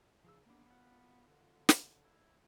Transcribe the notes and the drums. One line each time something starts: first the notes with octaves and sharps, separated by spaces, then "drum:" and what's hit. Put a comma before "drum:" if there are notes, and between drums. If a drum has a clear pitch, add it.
C#3 F3 D#4 E6
A#3 B3 D4
F4 F#5
D3
drum: snare
E4